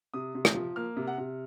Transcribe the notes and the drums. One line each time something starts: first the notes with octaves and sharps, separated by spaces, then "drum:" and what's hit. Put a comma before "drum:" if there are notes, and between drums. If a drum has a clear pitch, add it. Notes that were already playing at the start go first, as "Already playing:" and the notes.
C3 D#6
C3
drum: rim click
F3
A#3 F6
C3
F#5
C3